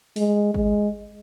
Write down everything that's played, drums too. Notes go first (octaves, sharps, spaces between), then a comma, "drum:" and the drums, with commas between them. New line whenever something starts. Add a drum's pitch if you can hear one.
G#3, drum: open hi-hat
G#3, drum: kick G#1